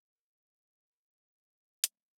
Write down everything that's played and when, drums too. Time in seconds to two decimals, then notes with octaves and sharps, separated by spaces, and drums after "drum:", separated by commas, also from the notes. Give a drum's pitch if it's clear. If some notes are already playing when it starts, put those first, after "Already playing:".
0.15 A#4
0.90 A#4 B5
1.84 G3 A#3 C#4 C#5 D5, drum: hi-hat